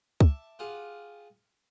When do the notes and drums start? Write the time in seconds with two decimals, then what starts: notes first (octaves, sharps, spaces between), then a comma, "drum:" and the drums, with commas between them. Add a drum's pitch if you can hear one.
0.21 E5 A5 D6, drum: kick C#2
0.59 F4 G4 G#4 F5 F#5